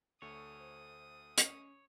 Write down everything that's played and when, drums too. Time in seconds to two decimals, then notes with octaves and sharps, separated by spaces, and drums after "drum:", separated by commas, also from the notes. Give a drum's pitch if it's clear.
0.22 D2 A3 C#5 D#6
0.59 C5
1.38 C#4 C#5, drum: hi-hat